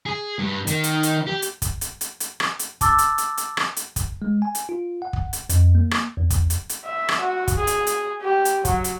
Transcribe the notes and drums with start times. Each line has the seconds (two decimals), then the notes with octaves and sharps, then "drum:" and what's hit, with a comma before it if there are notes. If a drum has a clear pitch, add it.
0.06 G#4
0.39 G2
0.67 D#3, drum: hi-hat
0.84 drum: hi-hat
1.03 drum: hi-hat
1.27 G4
1.42 drum: hi-hat
1.62 drum: kick, hi-hat
1.81 drum: hi-hat
2.01 drum: hi-hat
2.20 drum: hi-hat
2.40 drum: rim click
2.59 drum: hi-hat
2.81 A5 D6 E6 A6, drum: kick, hi-hat
2.98 drum: hi-hat
3.18 drum: hi-hat
3.37 drum: hi-hat
3.57 drum: rim click
3.77 drum: hi-hat
3.96 drum: kick, hi-hat
4.22 G#3
4.42 G#5
4.55 drum: hi-hat
4.69 F4
5.02 F#5
5.13 drum: kick
5.33 drum: hi-hat
5.49 F2, drum: hi-hat
5.75 A#3
5.91 drum: rim click
6.17 E2
6.30 drum: kick, hi-hat
6.50 drum: hi-hat
6.69 drum: hi-hat
6.85 E5
7.09 drum: rim click
7.21 F#4
7.48 drum: kick, hi-hat
7.57 G#4
7.67 drum: hi-hat
7.87 drum: hi-hat
8.22 G4
8.45 drum: hi-hat
8.65 F#3, drum: kick, hi-hat
8.84 drum: hi-hat